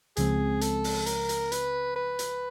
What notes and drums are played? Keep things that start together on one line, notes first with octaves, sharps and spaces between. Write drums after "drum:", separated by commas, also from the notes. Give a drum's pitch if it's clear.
C#2 C#3 F3 G#3 C4 G#4, drum: hi-hat
A4, drum: hi-hat
drum: open hi-hat
A#4, drum: hi-hat
drum: hi-hat
B4, drum: hi-hat
B4
drum: hi-hat